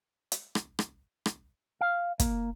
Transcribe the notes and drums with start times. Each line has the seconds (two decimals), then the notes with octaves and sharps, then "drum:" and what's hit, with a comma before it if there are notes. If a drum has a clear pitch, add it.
0.32 drum: hi-hat
0.55 drum: rim click
0.79 drum: rim click
1.26 drum: rim click
1.81 F5
2.19 A#3, drum: kick, hi-hat